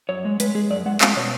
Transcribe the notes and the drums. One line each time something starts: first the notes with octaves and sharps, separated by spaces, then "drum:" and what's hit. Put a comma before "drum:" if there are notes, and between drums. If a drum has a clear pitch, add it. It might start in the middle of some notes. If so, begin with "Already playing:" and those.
F#2 C#5
G#3
G#3 B4, drum: hi-hat
G#3 G#4
F#2 D5
G#3 F#5
G#3 F5, drum: clap
B2 C#5